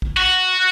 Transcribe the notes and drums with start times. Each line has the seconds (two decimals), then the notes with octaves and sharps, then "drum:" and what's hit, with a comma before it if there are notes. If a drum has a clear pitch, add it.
0.02 drum: kick
0.17 F#4